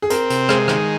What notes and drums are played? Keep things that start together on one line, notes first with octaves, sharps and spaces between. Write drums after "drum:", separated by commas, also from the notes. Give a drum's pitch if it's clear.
G#4
C4 A#4, drum: hi-hat
C3, drum: hi-hat
G#3 G#4, drum: rim click
D#3, drum: rim click